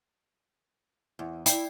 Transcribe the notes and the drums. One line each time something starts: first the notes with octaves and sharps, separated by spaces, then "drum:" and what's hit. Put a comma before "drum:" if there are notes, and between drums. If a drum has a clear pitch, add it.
E2
E4 D5 G5, drum: hi-hat